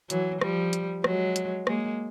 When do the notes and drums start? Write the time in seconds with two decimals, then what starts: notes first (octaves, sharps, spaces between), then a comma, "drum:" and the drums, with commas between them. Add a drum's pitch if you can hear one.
0.10 E3 F#3, drum: hi-hat
0.41 F3 G3, drum: rim click
0.73 drum: hi-hat
1.04 F#3 G#3, drum: rim click
1.36 drum: hi-hat
1.67 G#3 A#3, drum: rim click